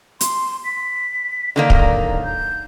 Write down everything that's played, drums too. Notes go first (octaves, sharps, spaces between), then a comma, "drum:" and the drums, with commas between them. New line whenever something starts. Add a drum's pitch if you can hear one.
C6, drum: hi-hat
B6
D3 D#3 A#3 D5
D1, drum: kick
G6